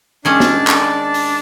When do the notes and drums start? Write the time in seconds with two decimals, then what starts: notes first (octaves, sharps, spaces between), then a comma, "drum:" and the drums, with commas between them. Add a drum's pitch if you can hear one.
0.25 D#3 G#3 C#4 D4 D5 A5
0.40 drum: snare
0.67 drum: clap
1.14 drum: open hi-hat